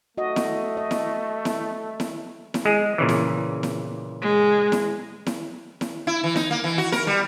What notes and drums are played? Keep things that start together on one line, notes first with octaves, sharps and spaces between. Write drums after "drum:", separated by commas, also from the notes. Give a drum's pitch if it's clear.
A3 F#4 D#5
drum: snare E4
D#5
drum: snare E4
drum: snare E4
drum: snare E4
drum: snare E4
G#3 G#4
A#2 C#3 E3
drum: snare E4
drum: snare E4
G#3
drum: snare E4
drum: snare E4
drum: snare E4
E4
E3
D#4, drum: snare E4
A#3
E3
F#4
A#4, drum: snare E4
G3